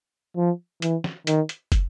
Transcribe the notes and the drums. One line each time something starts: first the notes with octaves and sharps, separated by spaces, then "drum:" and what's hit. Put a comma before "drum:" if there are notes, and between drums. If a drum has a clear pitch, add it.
F3
E3, drum: hi-hat
drum: snare
D#3, drum: hi-hat
drum: hi-hat
drum: kick, hi-hat